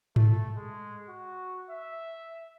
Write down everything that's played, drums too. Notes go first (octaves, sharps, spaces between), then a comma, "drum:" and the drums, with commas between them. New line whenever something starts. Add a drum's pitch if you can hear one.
A3, drum: tom G#2
G#3
F#4
E5